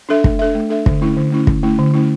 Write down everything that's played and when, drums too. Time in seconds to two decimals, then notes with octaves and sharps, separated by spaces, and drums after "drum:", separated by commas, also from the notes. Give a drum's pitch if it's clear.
0.09 D4 A4 E5
0.24 A3, drum: kick
0.39 D4 A4 E5
0.55 A3
0.70 D4 A4 E5
0.86 D3, drum: kick
1.01 A3 C#4 E4
1.17 D3
1.32 A3 C#4 E4
1.47 D3, drum: kick
1.63 A3 C#4 E4
1.79 D3
1.94 A3 C#4 E4